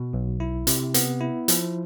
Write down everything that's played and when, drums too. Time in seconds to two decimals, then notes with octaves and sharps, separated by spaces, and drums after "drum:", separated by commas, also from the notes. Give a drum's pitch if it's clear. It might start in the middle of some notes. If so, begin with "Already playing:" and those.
Already playing: B2
0.13 B1
0.40 E4
0.67 C3, drum: hi-hat
0.94 B3, drum: hi-hat
1.21 E4
1.48 F3, drum: hi-hat